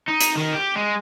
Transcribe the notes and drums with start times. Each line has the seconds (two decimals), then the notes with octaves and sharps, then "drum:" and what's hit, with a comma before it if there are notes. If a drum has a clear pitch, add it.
0.08 D#4
0.21 drum: hi-hat
0.37 D#3
0.54 G4
0.76 G#3